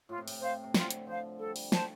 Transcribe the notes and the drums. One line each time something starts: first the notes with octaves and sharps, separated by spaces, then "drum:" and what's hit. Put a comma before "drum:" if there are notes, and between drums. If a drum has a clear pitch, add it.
A2 F4
C3
A2, drum: open hi-hat
C3 C5 F5
C3
D3 F4, drum: snare
drum: hi-hat
F3 C5 F5
G3 A4
G3, drum: open hi-hat
A3 C5 A5, drum: snare